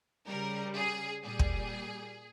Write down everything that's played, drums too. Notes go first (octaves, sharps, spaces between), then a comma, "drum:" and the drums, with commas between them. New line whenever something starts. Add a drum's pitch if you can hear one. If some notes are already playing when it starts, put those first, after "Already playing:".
C#3 G3 A#4
G#4
A#2 G3 G#4
drum: kick